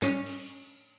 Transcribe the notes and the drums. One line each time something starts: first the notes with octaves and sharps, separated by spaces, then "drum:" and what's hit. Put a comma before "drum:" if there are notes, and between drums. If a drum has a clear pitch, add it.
C#4, drum: snare
drum: cymbal